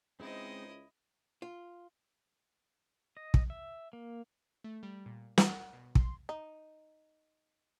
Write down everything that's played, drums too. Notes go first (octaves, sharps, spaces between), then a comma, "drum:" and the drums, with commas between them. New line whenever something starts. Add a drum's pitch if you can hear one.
C#2 G#3 C4 D#4 E4 C5 D#5
F4
D#5
drum: kick
E5
A#3
A3
G3
A#2
F#5, drum: snare
B2
C6, drum: kick
D#4